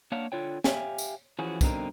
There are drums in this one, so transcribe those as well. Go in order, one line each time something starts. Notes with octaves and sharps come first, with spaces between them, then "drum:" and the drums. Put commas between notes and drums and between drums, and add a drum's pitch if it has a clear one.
A#3 D4 C#5 F5 F#5
D3 F4 C#5 G5
G4 E5 F5 G5 G#5, drum: snare
drum: tambourine
E3 F3 C#4 F#4 G#4
G2 B2 D3 C4 D#4 A#4, drum: kick, tambourine